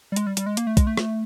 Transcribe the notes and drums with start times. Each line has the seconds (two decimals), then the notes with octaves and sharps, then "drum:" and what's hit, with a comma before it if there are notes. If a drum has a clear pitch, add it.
0.12 G3
0.16 G#3, drum: hi-hat
0.27 G3
0.37 G3, drum: hi-hat
0.46 G#3
0.57 A#3, drum: hi-hat
0.67 A3
0.77 G#3, drum: kick, hi-hat
0.87 A3
0.97 drum: rim click